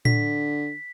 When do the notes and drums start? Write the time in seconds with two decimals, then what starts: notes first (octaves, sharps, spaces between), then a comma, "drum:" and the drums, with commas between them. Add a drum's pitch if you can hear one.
0.05 D3 B6, drum: tom A2